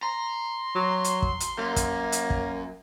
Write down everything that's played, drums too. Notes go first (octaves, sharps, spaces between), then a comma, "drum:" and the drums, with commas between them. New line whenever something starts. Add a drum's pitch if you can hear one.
A#5 C6
F#3
drum: hi-hat
drum: kick
drum: hi-hat
F#2 A#3
drum: kick, hi-hat
drum: hi-hat
drum: kick